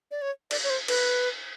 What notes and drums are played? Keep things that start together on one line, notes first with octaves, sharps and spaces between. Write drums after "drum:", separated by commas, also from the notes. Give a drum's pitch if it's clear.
D5
C#5
D5, drum: cymbal
C#5
C5
B4, drum: cymbal